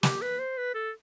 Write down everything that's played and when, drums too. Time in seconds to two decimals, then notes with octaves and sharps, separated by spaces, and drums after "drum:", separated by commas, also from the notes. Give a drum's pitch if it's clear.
0.03 G4, drum: snare
0.22 B4
0.39 C5
0.58 B4
0.75 A4